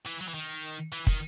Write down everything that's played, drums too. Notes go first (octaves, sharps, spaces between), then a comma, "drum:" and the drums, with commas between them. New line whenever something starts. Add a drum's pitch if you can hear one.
E3
F#3
E3
D#3
E3
D#3, drum: kick